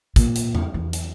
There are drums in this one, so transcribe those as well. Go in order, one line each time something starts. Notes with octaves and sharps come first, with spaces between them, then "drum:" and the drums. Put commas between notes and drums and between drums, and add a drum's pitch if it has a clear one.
A#2, drum: kick, hi-hat
drum: hi-hat
drum: tom E2
E3
drum: hi-hat